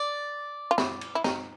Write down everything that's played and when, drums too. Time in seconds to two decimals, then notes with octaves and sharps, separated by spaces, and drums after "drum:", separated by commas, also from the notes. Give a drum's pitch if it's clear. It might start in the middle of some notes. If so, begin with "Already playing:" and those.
Already playing: D5
0.71 F4
0.78 E4, drum: snare
1.01 drum: cymbal
1.15 E4
1.24 D#4, drum: snare